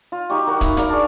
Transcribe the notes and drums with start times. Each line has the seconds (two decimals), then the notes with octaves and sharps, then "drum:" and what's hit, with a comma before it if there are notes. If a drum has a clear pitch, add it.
0.12 F4
0.30 F#3 D#4 G4 C#6
0.47 D#3 F#4 A#4
0.61 E5 F5 B5, drum: kick, hi-hat
0.77 A#4 D5 F5, drum: hi-hat
0.89 D4 G#4 C#6